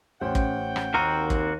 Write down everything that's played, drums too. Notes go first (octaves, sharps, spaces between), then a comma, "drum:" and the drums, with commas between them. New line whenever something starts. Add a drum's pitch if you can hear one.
A1 C#4 C5 F#5 G5
drum: kick
drum: rim click
D#2 A#3 C4 F#4 A#5 D#7
drum: kick